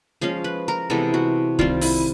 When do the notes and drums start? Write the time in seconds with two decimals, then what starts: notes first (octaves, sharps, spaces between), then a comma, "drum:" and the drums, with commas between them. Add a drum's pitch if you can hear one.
0.21 F3 G#3 C#4 F5
0.44 B4
0.68 A#4
0.90 C3 E3 G#3 B3 A4
1.14 F#4
1.59 D#3 G3 C4 F4, drum: kick C2
1.81 E4, drum: open hi-hat